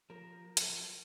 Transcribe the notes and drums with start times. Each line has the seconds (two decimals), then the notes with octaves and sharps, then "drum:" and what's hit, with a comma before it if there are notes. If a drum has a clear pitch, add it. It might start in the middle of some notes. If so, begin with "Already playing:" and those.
0.10 F3 A#4
0.57 drum: hi-hat